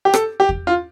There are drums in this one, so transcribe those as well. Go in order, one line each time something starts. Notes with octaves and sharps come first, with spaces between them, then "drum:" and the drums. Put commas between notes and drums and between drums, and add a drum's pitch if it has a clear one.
G4
A4, drum: rim click
G4
drum: kick E2
F4